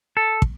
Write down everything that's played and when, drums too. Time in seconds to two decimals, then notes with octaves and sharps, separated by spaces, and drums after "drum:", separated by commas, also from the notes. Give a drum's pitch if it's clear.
0.17 A4
0.42 drum: kick